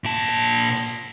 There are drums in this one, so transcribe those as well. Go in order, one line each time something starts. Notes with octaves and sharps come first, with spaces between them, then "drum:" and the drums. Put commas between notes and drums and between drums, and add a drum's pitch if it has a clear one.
A#2 A5
drum: hi-hat
drum: hi-hat